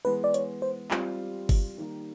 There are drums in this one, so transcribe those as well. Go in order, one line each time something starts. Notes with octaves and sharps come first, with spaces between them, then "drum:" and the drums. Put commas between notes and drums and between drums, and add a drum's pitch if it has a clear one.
E3 G#3 B3 B4
D5
C#5, drum: hi-hat
C5
G3 C4 F4, drum: clap
drum: kick G1, open hi-hat
D#3 G3 A#3